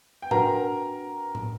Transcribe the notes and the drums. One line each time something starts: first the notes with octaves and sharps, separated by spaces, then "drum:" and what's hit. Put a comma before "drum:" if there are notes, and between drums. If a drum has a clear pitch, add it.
G5
D4 F#4 A#4 B4 F#5 A#5, drum: tom G#2
drum: tom A2